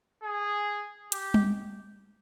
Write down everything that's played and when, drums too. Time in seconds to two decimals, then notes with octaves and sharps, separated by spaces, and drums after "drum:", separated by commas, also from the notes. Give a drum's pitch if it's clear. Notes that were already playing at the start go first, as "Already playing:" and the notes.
0.24 G#4
1.12 G4, drum: hi-hat
1.34 drum: tom G3